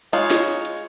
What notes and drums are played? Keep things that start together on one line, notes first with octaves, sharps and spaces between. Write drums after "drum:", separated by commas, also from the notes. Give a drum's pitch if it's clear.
G#3 D#4 F4 C#5, drum: hi-hat
drum: snare
drum: hi-hat
drum: hi-hat